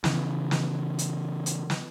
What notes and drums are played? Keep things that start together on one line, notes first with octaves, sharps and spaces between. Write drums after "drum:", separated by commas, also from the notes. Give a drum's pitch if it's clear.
C#3 E3, drum: snare
drum: snare
drum: hi-hat
drum: hi-hat
drum: snare